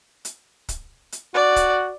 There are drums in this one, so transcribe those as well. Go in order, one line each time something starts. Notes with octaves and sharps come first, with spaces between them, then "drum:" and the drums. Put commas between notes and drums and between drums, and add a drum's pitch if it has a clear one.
drum: hi-hat
drum: kick, hi-hat
drum: hi-hat
F#4 D5
drum: kick, hi-hat